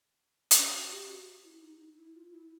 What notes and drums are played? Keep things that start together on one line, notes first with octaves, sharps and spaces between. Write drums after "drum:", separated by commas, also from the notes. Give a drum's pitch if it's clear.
D4, drum: hi-hat
C#4
F#4
G4
F#4
E4
D#4
D#4
E4
F4
E4